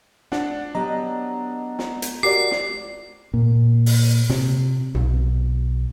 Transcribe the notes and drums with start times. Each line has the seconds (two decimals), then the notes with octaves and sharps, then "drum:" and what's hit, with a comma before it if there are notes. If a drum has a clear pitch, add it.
0.32 D4 F#5, drum: snare
0.75 F#3 B3 G4 D#5 A#5
1.79 drum: snare
2.02 drum: hi-hat
2.23 F#4 G4 A#4 D5 D6 C7
2.51 drum: snare
3.34 A#2
3.86 drum: open hi-hat
4.29 C3, drum: snare
4.95 B1, drum: tom G#2